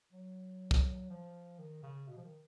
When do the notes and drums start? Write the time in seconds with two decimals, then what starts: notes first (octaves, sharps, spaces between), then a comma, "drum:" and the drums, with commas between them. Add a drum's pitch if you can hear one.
0.13 F#3
0.71 drum: kick
1.10 F3
1.58 D#3
1.83 C#3
2.08 B2
2.17 F3
2.24 D#3